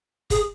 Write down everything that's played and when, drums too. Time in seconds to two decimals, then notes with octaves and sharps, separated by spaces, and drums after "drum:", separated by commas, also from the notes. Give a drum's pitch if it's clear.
0.30 G#4, drum: kick, hi-hat